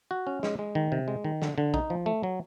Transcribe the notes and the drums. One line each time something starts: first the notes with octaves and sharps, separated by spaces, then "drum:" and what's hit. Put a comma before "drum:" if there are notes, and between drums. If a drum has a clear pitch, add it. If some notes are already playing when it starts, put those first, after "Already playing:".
F#4
C#4
G#3, drum: snare
G#3
D#3
C3
G#3
D#3
D3, drum: snare
D3
D#4, drum: kick A#1
F3
A3
F#3